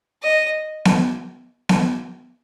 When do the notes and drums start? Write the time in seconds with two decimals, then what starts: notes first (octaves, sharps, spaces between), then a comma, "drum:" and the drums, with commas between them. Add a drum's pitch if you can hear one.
0.22 D#5
0.85 drum: snare B3
1.69 drum: snare B3